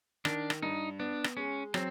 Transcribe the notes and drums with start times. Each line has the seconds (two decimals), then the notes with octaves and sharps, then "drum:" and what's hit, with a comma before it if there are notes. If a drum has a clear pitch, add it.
0.25 D#3 D4, drum: rim click
0.50 drum: rim click
0.62 G2 D#4
0.99 B3 D4
1.24 drum: rim click
1.37 G#3 C#4
1.74 F#3 C4, drum: rim click